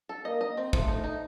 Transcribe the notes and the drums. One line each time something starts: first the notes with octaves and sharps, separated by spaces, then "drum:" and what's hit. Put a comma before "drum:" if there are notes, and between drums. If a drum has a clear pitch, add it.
A4
A#3 D#5
D#5
C4
F3 A3, drum: kick
D#4
D#4